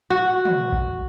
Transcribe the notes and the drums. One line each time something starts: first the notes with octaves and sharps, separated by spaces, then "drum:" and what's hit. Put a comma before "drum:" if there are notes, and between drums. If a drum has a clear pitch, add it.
F#4
drum: tom
drum: kick A#1